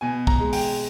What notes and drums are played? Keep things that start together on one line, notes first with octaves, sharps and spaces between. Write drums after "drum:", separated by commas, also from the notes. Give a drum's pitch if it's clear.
B2 G#5
A#5, drum: kick B1
G#3
G5, drum: open hi-hat